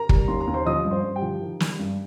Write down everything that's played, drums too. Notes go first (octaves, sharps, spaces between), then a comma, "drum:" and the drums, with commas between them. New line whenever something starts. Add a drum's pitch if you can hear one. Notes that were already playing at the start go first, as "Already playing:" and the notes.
Already playing: A#4 A#5
G3, drum: kick
D#2 C6
A#5
D#2
C5 C6
F3 D#5 D#6
G2
C5 C6
G2
G4 G5
F3
D#3
G3, drum: snare
G2